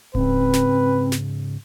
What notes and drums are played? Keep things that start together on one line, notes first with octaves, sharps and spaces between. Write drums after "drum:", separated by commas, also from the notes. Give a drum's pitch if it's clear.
G#2 C#3 C4 B4, drum: kick D1
drum: snare
drum: snare